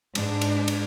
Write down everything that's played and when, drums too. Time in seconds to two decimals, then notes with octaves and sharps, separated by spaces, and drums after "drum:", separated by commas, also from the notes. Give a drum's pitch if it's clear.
0.15 G#2 D4, drum: cymbal
0.41 drum: cymbal
0.68 drum: cymbal